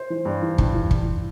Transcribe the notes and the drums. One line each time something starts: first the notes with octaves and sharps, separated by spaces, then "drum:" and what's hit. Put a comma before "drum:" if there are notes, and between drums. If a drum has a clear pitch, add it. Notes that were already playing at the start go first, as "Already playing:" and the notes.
Already playing: C5
E3
G2
E3
G2, drum: kick
E3
drum: kick